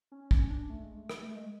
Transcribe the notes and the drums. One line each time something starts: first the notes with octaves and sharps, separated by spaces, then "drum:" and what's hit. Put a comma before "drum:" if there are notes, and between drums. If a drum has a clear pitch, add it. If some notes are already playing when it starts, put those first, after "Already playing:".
C#4
C#4, drum: kick
D4
A3
G#3
A3
drum: rim click
A3
G#3